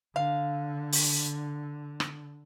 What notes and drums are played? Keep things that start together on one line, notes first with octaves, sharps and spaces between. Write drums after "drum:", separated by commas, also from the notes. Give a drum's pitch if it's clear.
D3 F5
drum: open hi-hat
drum: rim click